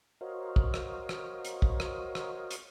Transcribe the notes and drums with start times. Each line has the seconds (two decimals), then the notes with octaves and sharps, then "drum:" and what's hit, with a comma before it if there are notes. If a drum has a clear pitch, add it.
0.21 F#4 A#4 C5 C#5 D#5 F5
0.56 drum: kick
0.74 drum: rim click
1.09 drum: rim click
1.45 drum: hi-hat
1.62 drum: kick
1.80 drum: rim click
2.15 drum: rim click
2.51 drum: hi-hat